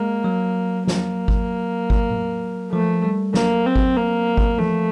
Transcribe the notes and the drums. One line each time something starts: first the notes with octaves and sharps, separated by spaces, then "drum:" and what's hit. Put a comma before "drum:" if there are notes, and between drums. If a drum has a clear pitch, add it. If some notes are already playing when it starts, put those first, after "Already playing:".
Already playing: G#3 A#3
F#3
A#3, drum: snare
drum: kick G#1
drum: kick G#1
drum: tom A2
F3 A3
G3
F#3 A#3, drum: snare
C4
drum: kick G#1
A#3
drum: kick G#1
F3 A3, drum: tom E3